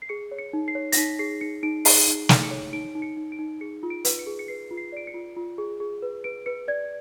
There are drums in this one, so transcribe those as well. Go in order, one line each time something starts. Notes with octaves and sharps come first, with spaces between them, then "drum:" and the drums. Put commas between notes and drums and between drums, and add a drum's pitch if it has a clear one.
C7
G#4 C#7
C#5
C#7
D#4
C7
C#5
A#6, drum: hi-hat
D#4 B6
G#4 C7
D#4 C#7
D#4 D7
G#4 C7, drum: open hi-hat
D#4
D#4, drum: snare
C#7
C#5
D#4 D7
D#4
C#7
D#4
D7
D#4
G#4 C#7
F4
D7
B4, drum: hi-hat
C#7
G#4
C#7
B4 C7
F4
C7
D5 D7
C#7
F4
F4
G#4
G#4
B4
B4 D7
B4 C#7
D5 G#6